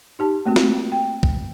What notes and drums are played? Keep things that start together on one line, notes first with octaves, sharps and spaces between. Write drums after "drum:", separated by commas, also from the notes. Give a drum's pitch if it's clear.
D#4 G4 A5
A3 A#3 C4 F#4
drum: snare
G5
drum: kick